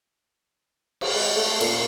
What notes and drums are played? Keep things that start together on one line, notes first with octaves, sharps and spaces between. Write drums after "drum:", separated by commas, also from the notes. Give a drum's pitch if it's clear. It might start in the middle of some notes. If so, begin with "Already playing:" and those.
drum: cymbal
G#3
A3
A#2, drum: cymbal